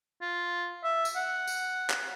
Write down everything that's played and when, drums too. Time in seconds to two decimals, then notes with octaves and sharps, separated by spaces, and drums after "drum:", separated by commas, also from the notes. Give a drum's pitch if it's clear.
0.21 F4
0.84 E5
1.05 drum: tambourine
1.16 F#5
1.47 drum: tambourine
1.90 drum: clap